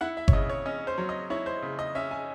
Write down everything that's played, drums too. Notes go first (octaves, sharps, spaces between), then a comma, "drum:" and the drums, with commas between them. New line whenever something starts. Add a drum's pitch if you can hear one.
E4 F#5
E5
C#5, drum: kick G1
C#3 D#5
C#5
C#4 D#5
C5
F#3
D#5
E4 C#5
C5
C#3
D#5
C#4 E5
G#5